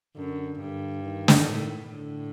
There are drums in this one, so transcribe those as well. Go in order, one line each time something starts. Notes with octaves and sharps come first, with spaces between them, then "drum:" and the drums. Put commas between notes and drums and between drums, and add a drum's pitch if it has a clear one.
F#2 D3
G2 D3
D#3
drum: snare
A2
A2 D3